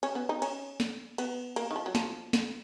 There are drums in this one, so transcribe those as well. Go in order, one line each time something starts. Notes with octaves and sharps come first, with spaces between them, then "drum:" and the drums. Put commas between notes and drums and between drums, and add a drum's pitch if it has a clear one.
C#4, drum: cymbal
B3
D#4
C#4, drum: cymbal
drum: snare
B3, drum: cymbal
A#3, drum: cymbal
D#3
F3
F#3
F3, drum: snare
drum: snare